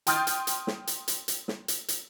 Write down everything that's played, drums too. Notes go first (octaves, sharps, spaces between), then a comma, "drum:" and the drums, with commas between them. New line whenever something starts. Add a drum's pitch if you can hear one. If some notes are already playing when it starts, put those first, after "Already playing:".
G5 C6 D#6 F6 G6 A6, drum: hi-hat
drum: hi-hat
drum: hi-hat
drum: snare
drum: hi-hat
drum: hi-hat
drum: hi-hat
drum: snare
drum: hi-hat
drum: hi-hat